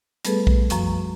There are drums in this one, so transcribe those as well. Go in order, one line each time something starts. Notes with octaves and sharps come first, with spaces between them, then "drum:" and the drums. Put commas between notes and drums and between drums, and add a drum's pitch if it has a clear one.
G3 A3 B3 G#4 A4 B4, drum: hi-hat
drum: kick
F#2 F3 C#6, drum: hi-hat